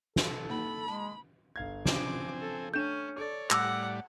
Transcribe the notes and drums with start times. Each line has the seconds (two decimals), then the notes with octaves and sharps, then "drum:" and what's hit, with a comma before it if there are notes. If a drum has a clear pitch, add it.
0.16 A4, drum: snare
0.50 A#3 D#4 B5
0.88 G#3 A5
1.56 G1 F5 G#6
1.86 C#3 F3 C4 D4 G#5 D6, drum: snare
2.41 A4
2.74 A3 C#4 D4 G6 E7
3.18 A4 C#5 D5
3.51 A2 G3 D5 F#5 D6 E6 A#6, drum: clap